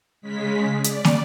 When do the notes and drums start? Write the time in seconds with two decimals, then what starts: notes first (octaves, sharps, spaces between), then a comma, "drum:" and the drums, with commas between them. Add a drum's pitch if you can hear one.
0.22 C#3 G#3 B6
0.84 D5, drum: hi-hat
1.04 drum: snare